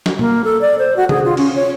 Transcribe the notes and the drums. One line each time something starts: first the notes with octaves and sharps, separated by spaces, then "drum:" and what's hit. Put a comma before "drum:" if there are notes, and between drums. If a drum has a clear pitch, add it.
drum: snare
A#3, drum: tom B2
A4
D5
C5
F#4
G#4, drum: tom C3
F4
C#4, drum: cymbal
C#5